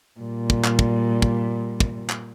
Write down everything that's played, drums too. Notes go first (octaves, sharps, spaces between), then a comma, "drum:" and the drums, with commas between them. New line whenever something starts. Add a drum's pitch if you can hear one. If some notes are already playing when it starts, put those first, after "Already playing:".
A#2 G3
drum: kick
drum: clap
drum: kick
drum: kick
drum: kick
drum: clap